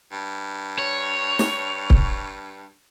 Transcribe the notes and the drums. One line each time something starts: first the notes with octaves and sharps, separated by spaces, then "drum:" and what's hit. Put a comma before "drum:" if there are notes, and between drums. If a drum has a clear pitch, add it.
G2
C#5
drum: snare
drum: kick C#1